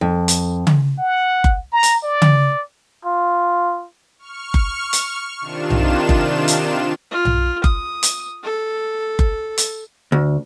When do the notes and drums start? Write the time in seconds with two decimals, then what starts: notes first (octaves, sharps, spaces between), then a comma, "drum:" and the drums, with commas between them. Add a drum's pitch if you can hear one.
0.01 F2
0.28 drum: hi-hat
0.67 drum: tom C#3
0.99 F#5
1.44 drum: kick F#1
1.72 A#5
1.83 drum: hi-hat
2.03 D5
2.22 drum: tom C#3
3.05 F4
4.19 C#6 F6
4.54 drum: kick F#1
4.93 drum: hi-hat
5.40 C3 D#3 D4 F4 E7
5.70 drum: tom B1
6.09 drum: kick F#1
6.48 drum: hi-hat
7.11 F4
7.25 drum: tom B1
7.64 D#6, drum: kick F#1
8.03 drum: hi-hat
8.44 A4
9.19 drum: kick F#1
9.58 drum: hi-hat
10.12 D2